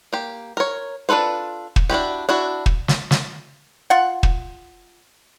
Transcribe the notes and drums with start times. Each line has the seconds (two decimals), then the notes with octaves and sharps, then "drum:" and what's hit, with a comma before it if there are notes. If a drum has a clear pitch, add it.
0.13 A#3 G4
0.57 A#4 C#5
1.09 D4 F4 A4 B4 C5
1.76 drum: kick
1.90 D4 E4 F#4 G4
2.29 D4 E4 F#4
2.66 drum: kick
2.88 drum: snare
3.11 drum: snare
3.90 F4 F#5
4.23 drum: kick